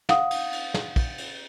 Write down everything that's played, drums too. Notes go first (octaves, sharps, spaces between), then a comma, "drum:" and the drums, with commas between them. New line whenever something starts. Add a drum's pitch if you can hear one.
F5 F#5 D#6, drum: snare
drum: cymbal
drum: cymbal
drum: snare
drum: kick, cymbal
drum: cymbal